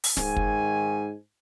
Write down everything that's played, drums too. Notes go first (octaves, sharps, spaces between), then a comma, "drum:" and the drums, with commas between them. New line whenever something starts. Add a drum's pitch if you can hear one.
drum: open hi-hat
G#2 D#3 G#5, drum: snare
drum: kick